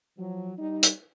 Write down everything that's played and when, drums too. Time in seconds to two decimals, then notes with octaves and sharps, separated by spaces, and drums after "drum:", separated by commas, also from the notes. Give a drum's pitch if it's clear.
0.18 F3 F#3
0.58 G3 D#4
0.83 drum: hi-hat